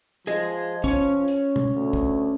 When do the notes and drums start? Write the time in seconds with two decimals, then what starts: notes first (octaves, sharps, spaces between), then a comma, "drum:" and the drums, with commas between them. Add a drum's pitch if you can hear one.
0.27 F3 G#4 D#5
0.84 C#4 C#5, drum: kick
1.28 drum: hi-hat
1.56 drum: tom
1.75 D2
1.93 drum: kick